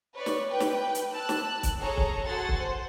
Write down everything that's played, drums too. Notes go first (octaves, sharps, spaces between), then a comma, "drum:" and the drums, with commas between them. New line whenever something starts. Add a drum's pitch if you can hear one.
B4 C#5 D5 C#6
drum: snare
B4 G5
drum: snare
drum: hi-hat
A5 E6 F#6
drum: snare
drum: kick, hi-hat
G#4 A4 C#5 A#5
drum: kick
F#4 A4 F#5 G#5 C6 A6
drum: kick
C5